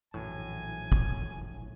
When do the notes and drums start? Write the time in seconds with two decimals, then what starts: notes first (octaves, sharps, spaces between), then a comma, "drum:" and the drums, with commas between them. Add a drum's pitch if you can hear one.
0.14 A#1 F#2 A2 E3 F#3 G#5
0.92 drum: kick